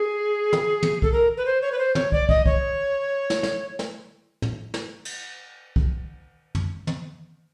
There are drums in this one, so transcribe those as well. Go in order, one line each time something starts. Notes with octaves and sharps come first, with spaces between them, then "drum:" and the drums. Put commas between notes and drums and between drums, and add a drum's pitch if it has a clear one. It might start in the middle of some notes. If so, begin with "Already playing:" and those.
Already playing: G#4
drum: tom
drum: tom
A4, drum: kick
A#4
B4
C5
C#5
B4
C5
C#5, drum: tom
D5, drum: kick
D#5, drum: kick
C#5, drum: kick
drum: snare
drum: snare
drum: snare
drum: tom
drum: snare
drum: cymbal
drum: kick
drum: tom
drum: tom